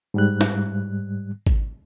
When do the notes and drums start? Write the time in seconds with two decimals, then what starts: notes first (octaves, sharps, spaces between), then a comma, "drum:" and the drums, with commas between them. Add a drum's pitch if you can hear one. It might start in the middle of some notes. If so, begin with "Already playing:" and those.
0.14 G#2 G3 F#6
0.41 drum: snare
1.47 drum: kick G#1